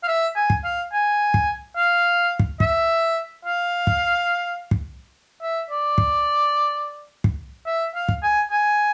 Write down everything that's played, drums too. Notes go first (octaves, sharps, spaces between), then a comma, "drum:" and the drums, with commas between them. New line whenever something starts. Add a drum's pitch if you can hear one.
F5
E5
G#5
drum: kick
F5
G#5
drum: kick
F5
drum: kick
E5, drum: kick
F5
drum: kick
drum: kick
E5
D5
drum: kick
drum: kick
E5
F5
drum: kick
G#5
G#5